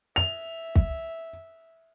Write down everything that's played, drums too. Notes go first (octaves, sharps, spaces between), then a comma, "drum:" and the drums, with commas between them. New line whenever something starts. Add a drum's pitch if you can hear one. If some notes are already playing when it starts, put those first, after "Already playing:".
E5 F7
drum: kick